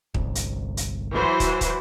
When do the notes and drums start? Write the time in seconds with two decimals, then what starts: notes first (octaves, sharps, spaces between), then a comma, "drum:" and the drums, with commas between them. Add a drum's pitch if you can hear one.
0.14 G1 C2, drum: kick
0.35 drum: hi-hat
0.77 drum: hi-hat
1.11 E3 F#3 C5
1.40 drum: kick, hi-hat
1.61 drum: kick, hi-hat